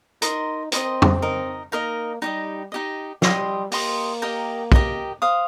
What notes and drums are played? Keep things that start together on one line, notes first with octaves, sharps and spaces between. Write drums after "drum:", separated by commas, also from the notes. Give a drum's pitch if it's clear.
D#4 A#4 D#5 C6 D#6, drum: hi-hat
C4 A#4 D#5 C6 D#6, drum: hi-hat
drum: tom
D#4 A#4 D#5
A#3 D#4 A#4 D#5
G3 D#4 G4 D#5
D#4 G4 D#5
G3 G4 D#5 C6 D#6, drum: snare
A#3 G4 D#5 C6 D#6, drum: open hi-hat
G4 A#4 D#5 G5
G4 A#4 D#5 G5, drum: kick
C5 F5 D#6